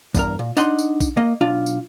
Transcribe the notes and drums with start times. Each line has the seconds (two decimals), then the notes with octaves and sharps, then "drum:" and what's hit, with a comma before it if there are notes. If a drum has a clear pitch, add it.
0.15 E2 G2 A#4, drum: kick A#1, tambourine
0.39 A#2
0.57 D4 D#4 D#5 F#5 C6, drum: tambourine
0.79 drum: tambourine
1.00 drum: kick A#1, tambourine
1.17 A#3 D#5
1.41 B1 D4 F4
1.66 drum: tambourine